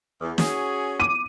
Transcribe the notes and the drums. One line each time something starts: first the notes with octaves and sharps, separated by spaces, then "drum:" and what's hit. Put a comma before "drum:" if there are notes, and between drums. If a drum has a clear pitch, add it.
E2
C#4 F#4 G#4, drum: snare
D6 D#7